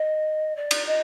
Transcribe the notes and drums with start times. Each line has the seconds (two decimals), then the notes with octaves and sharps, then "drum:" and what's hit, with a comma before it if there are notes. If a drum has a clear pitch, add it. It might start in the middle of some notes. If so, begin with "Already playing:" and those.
Already playing: D#5
0.56 D5
0.71 drum: cymbal
0.86 D#5